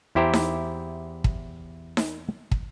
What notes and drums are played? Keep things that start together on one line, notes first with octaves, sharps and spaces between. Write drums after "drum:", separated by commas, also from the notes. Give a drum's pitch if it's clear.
E2 E4 G4 C5 A#5
drum: snare D#4
drum: kick
drum: snare D#4
drum: kick